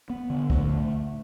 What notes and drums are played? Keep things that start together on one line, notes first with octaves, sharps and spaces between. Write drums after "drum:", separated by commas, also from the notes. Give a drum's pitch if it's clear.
B3
D3
A3, drum: kick